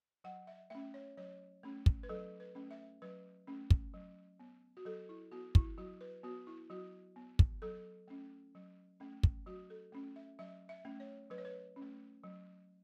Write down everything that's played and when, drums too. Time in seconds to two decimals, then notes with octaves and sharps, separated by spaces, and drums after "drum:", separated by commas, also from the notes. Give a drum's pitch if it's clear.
0.24 F#3 F#5
0.47 E5
0.70 A3 C#4 E5
0.94 C#5
1.17 F#3 C#5
1.63 A3 C#4
1.86 drum: kick
2.03 B4
2.09 F#3 A4
2.40 B4
2.55 A3 C#4
2.71 E5
3.02 F#3 B4
3.47 A3 C#4
3.70 drum: kick
3.94 F#3
4.40 B3
4.77 F#4
4.85 F#3 A4
5.09 E4
5.31 B3 F#4
5.55 E4, drum: kick
5.78 F#3 F#4
6.01 B4
6.23 B3 F#4
6.47 E4
6.70 F#3 F#4
7.16 B3
7.39 drum: kick
7.62 F#3 A4
8.08 A3 C#4
8.55 F#3
9.00 A3 C#4
9.23 drum: kick
9.46 F#3 F#4
9.70 A4
9.92 A3 C#4
10.16 E5
10.39 F#3 E5
10.69 E5
10.85 A3 C#4
11.00 C#5
11.30 F#3 B4
11.38 C#5
11.45 B4
11.76 C#4
11.82 A3
12.24 F#3